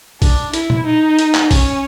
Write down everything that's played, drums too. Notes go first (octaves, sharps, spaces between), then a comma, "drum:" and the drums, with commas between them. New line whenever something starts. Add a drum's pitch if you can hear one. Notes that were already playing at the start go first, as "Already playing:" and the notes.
D4, drum: kick A#1, open hi-hat
E4, drum: hi-hat
drum: tom
D#4
drum: hi-hat
drum: clap
C#4, drum: kick A#1, open hi-hat